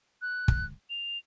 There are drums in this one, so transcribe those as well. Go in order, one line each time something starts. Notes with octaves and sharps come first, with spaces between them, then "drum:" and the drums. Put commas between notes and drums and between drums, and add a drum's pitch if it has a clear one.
F#6
drum: kick
F7